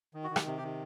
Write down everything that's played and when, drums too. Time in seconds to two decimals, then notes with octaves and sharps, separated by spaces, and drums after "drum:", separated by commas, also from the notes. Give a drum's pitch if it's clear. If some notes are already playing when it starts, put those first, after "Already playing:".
0.14 D#3
0.24 F#4
0.31 D#3
0.36 G4, drum: rim click
0.46 C3
0.57 G4
0.63 D#3